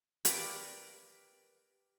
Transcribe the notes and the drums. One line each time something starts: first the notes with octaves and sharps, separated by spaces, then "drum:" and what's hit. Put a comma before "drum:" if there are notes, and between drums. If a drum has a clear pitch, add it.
G4 A#4 B4 D5, drum: hi-hat